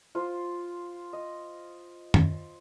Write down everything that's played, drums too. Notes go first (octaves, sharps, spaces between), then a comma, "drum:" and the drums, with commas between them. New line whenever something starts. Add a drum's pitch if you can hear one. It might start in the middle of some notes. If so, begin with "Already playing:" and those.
F4 C5
D#5
drum: tom F#2